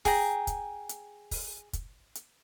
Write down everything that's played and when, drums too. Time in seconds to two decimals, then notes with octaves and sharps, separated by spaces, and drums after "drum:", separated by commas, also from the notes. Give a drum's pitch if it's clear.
0.05 G#4 G5 A#5, drum: kick, open hi-hat
0.47 drum: kick, hi-hat
0.89 drum: hi-hat
1.31 drum: kick, open hi-hat
1.73 drum: kick, hi-hat
2.15 drum: hi-hat